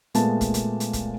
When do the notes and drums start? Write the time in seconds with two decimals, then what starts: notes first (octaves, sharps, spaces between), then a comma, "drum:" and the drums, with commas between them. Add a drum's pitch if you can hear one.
0.14 A#2 G#3 A3 B3 A5, drum: hi-hat
0.41 drum: kick, hi-hat
0.54 drum: hi-hat
0.80 drum: hi-hat
0.93 drum: kick, hi-hat